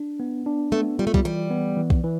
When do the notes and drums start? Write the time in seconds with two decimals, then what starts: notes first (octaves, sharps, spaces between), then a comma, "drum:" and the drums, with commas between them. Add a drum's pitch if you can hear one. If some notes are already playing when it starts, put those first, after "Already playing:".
Already playing: D4
0.20 B3
0.46 D4
0.72 A3 B3
0.99 G3 F4
1.07 A3
1.14 G3, drum: kick
1.25 E3 G3
1.51 B3
1.77 E3
1.90 drum: kick
2.04 E3